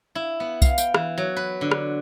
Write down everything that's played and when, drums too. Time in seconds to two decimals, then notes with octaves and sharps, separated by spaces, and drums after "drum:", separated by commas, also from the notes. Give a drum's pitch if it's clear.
0.15 E4
0.40 B3
0.62 F5, drum: kick B1, tambourine
0.78 G5, drum: tambourine
0.94 E3, drum: rim click
1.18 F#3
1.36 B4
1.61 D3
1.71 drum: rim click